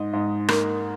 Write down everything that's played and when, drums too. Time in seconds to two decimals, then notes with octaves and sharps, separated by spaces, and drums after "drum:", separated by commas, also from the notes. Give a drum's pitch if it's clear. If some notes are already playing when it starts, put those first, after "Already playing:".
Already playing: G#2 D#5
0.13 G#2
0.48 A#3, drum: rim click